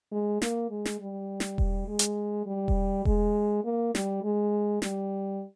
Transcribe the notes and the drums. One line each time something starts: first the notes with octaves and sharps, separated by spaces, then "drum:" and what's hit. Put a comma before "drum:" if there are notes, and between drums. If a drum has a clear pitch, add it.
G#3
A#3, drum: snare
G#3
drum: snare
G3
drum: snare
drum: kick E1
G#3
drum: hi-hat
G3
drum: kick E1
G#3, drum: kick E1
A#3
G3, drum: snare
G#3
G3, drum: snare